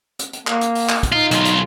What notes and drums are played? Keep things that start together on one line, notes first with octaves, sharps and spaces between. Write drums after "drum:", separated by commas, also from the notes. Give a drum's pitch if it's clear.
drum: hi-hat
drum: hi-hat
A#3, drum: clap
drum: hi-hat
drum: open hi-hat
drum: clap
drum: kick, hi-hat
D#4 F4
B1 F4, drum: hi-hat
drum: hi-hat